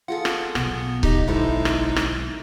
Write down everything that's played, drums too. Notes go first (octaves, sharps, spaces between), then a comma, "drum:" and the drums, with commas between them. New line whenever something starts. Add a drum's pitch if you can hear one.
F4 G#4 A4 F#5
drum: rim click
B1 B3, drum: rim click
D#4 G4 D#5, drum: kick C#1
G1 G#3 D#4 E4 A4 C5
drum: rim click
drum: rim click